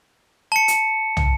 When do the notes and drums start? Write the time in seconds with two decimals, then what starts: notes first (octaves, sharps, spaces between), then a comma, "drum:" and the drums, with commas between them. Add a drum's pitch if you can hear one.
0.52 A5 C#7
0.68 drum: hi-hat
1.17 drum: tom